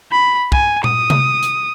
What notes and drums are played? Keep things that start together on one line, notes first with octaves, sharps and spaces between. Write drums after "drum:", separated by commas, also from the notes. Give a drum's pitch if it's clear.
B5
G#5, drum: kick
D#6, drum: tom A#2
drum: tom C3
drum: hi-hat